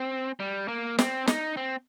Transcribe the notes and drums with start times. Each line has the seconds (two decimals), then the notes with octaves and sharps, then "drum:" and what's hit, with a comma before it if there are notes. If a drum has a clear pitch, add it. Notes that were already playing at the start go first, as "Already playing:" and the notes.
Already playing: C4
0.40 G3
0.68 A#3
0.99 C4, drum: snare
1.27 D#4, drum: snare
1.57 C4